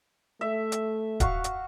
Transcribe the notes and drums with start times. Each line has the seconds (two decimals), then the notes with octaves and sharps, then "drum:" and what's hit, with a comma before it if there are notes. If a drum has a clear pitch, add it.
0.41 A3 E5
0.72 drum: hi-hat
1.20 F#4 F5 C#6, drum: kick D1, hi-hat
1.44 drum: hi-hat